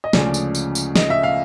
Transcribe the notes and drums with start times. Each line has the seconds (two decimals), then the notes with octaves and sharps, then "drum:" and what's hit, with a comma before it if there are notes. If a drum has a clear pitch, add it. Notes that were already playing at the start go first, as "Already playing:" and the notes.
0.04 D#5
0.13 D2 C#3 F3 G#3 D5, drum: snare
0.34 drum: tambourine
0.55 drum: tambourine
0.75 drum: tambourine
0.96 D#5, drum: snare
1.10 E5
1.23 F5